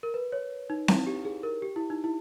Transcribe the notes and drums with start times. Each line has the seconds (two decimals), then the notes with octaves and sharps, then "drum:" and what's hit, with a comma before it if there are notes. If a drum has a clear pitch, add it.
0.03 A#4
0.14 B4
0.32 C#5
0.70 D#4
0.88 E4, drum: snare C4
1.07 G4
1.25 G#4
1.43 A#4
1.62 G4
1.76 E4
1.90 D#4
2.04 E4